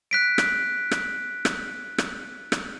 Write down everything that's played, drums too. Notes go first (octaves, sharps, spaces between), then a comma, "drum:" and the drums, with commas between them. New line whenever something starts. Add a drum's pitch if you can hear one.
F#6 B6 D7
drum: rim click
drum: rim click
drum: rim click
drum: rim click
drum: rim click